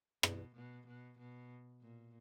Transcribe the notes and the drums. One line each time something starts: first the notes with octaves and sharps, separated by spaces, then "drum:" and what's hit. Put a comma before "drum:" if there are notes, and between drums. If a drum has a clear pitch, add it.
B2, drum: rim click
B2
B2
B2
A#2